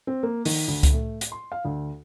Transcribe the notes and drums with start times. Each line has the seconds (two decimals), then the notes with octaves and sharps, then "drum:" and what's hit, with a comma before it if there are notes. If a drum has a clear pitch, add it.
0.07 C4
0.23 A#3
0.45 D#3, drum: open hi-hat
0.68 D2
0.83 drum: kick C#2, hi-hat
0.93 A3
1.21 drum: hi-hat
1.32 C6
1.52 F5
1.65 D2